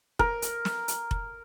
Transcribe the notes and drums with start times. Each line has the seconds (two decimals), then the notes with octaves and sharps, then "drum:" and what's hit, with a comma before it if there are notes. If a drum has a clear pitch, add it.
0.19 A#4, drum: kick F1
0.42 drum: hi-hat
0.65 drum: snare
0.88 drum: hi-hat
1.11 drum: kick F1